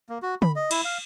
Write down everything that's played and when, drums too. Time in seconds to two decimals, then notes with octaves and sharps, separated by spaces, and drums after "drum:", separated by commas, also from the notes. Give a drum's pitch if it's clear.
0.09 A#3
0.23 F#4
0.42 B5, drum: tom
0.56 D#5
0.71 E4, drum: cymbal
0.85 F5